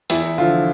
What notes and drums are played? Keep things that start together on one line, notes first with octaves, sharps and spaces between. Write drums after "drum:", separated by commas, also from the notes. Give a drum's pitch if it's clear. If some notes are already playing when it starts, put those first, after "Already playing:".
E2 E4, drum: hi-hat
D3 F3 F4